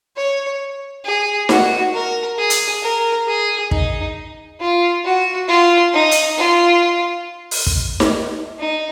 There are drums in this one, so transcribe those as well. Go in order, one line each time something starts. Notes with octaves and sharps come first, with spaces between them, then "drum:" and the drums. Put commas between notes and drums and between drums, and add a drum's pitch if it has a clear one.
C#5
G#4
F#4, drum: snare D#4
A#4
G#4
drum: hi-hat
A#4
G#4
D#4, drum: kick
F4
F#4
F4
D#4
drum: hi-hat
F4
drum: open hi-hat
drum: kick
drum: snare D#4
D#4